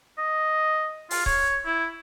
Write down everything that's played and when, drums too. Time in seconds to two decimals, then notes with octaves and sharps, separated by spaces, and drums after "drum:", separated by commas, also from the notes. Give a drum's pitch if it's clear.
0.18 D#5
1.11 F4, drum: open hi-hat
1.26 C#5, drum: kick C#1
1.66 E4